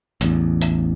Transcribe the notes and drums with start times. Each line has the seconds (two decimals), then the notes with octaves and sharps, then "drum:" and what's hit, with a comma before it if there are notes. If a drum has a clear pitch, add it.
0.21 A1 E2, drum: hi-hat
0.61 drum: hi-hat